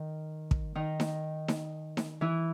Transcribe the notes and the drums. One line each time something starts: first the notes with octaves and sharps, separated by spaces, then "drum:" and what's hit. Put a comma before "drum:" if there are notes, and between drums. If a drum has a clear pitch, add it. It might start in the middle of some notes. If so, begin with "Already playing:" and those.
Already playing: D#3 D#4
drum: kick
D#3 D#4
drum: snare D#4
drum: snare D#4
drum: snare D#4
E3 E4